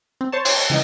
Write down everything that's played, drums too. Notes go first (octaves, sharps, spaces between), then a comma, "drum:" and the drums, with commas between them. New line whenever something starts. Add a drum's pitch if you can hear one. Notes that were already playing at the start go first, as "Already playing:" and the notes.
C4
C5 C#5 A5
drum: open hi-hat
C#3 E3 G#3 D#4